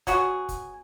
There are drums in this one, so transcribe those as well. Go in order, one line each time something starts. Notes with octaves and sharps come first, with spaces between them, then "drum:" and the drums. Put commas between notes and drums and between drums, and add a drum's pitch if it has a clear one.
F#3 B3 F#4 G#4, drum: kick, hi-hat
drum: kick, hi-hat